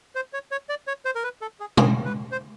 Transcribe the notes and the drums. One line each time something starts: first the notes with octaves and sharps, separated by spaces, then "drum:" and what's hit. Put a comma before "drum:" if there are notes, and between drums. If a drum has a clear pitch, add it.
C5
C#5
C#5
D5
C#5
C5
A#4
B4
A4
G#4
G#4, drum: tom B2
B4
C5